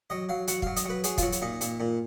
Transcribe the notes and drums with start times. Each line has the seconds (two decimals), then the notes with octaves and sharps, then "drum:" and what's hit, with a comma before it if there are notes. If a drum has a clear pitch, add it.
0.10 F#3 D#5
0.29 F#3 F5
0.48 F#3 F#5, drum: hi-hat
0.62 F#3 F5, drum: kick
0.76 D#5, drum: hi-hat
0.85 F#3 B4
1.04 F#3 G#4, drum: hi-hat
1.18 F4, drum: kick, hi-hat
1.22 F#3 F#4
1.32 drum: hi-hat
1.42 A#2 D#4
1.61 A#2, drum: hi-hat
1.80 A#2